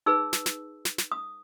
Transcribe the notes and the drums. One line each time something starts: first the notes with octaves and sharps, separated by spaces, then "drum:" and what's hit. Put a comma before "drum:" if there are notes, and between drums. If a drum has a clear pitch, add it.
D#4 G#4 B4 E6
drum: snare
drum: snare
drum: snare
drum: snare
D#6